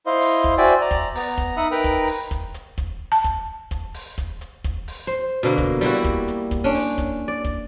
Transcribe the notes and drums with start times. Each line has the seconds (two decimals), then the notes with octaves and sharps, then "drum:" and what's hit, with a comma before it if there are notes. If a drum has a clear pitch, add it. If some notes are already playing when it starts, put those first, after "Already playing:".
0.06 E4 C5 D#5 F5 C6
0.21 drum: open hi-hat
0.44 drum: kick
0.58 F#4 C5 D5 E5 G5 G#5
0.68 drum: hi-hat
0.81 D5 A#5
0.91 drum: kick, hi-hat
1.15 B3 A#5, drum: open hi-hat
1.38 drum: kick, hi-hat
1.57 D#4 E5 F#5 B5 D#6
1.71 D#4 A#4 B4 G5 A#5 B5
1.84 drum: kick, hi-hat
2.08 drum: open hi-hat
2.31 drum: kick, hi-hat
2.54 drum: hi-hat
2.78 drum: kick, hi-hat
3.12 A5
3.24 drum: kick, hi-hat
3.71 drum: kick, hi-hat
3.94 drum: open hi-hat
4.18 drum: kick, hi-hat
4.41 drum: hi-hat
4.64 drum: kick, hi-hat
4.88 drum: open hi-hat
5.07 C5
5.43 B2 D3 A#3
5.58 drum: kick, hi-hat
5.81 G3 A#3 E4 F#4, drum: open hi-hat
6.04 drum: kick, hi-hat
6.28 drum: hi-hat
6.51 drum: kick, hi-hat
6.64 C#4 D4
6.74 drum: open hi-hat
6.98 drum: kick, hi-hat
7.28 D5
7.45 drum: kick, hi-hat